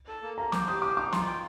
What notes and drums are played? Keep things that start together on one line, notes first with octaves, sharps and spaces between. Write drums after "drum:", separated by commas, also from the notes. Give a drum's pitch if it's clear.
A4
A#3
A#3 A#5
C5 D6, drum: snare
G4 D#6
C5 D6
D#4 D6
F4 C6, drum: snare
G5